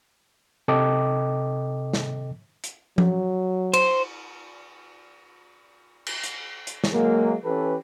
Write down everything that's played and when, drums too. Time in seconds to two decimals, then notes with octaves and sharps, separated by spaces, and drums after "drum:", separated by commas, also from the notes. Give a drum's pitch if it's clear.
0.68 C3 A4 D#5 G5 D6
1.93 drum: snare
2.64 drum: hi-hat
2.98 F#3, drum: tom F3
3.74 C5, drum: cymbal
6.06 drum: cymbal
6.23 drum: hi-hat
6.67 drum: hi-hat
6.84 drum: snare
6.93 F#3 G#3 A#3
7.45 E3 C#4 G4 A4 B4